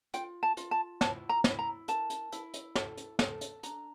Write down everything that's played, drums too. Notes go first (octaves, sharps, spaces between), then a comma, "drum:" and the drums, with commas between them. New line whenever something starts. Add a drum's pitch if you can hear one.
F4 G5, drum: hi-hat
A5
F4, drum: hi-hat
A5
E4 A5, drum: snare
A#5
E4, drum: snare
A#5
A#4 A5, drum: hi-hat
drum: hi-hat
E4, drum: hi-hat
drum: hi-hat
A4, drum: snare
drum: hi-hat
A4, drum: snare
drum: hi-hat
D4 A#5, drum: hi-hat